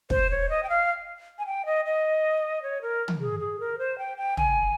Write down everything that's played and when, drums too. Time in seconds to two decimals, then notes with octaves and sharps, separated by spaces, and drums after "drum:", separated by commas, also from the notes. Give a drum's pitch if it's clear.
0.10 C5, drum: kick
0.31 C#5
0.50 D#5
0.63 G5
0.69 F5
1.39 G#5
1.46 G5
1.66 D#5
1.85 D#5
2.62 C#5
2.82 A#4
3.08 drum: tom
3.21 G#4
3.40 G#4
3.60 A#4
3.78 C5
3.98 G5
4.18 G5
4.37 G#5, drum: tom